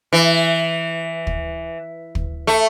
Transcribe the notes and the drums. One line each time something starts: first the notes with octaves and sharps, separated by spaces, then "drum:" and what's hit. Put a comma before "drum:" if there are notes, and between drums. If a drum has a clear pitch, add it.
E3
drum: kick
drum: kick
A3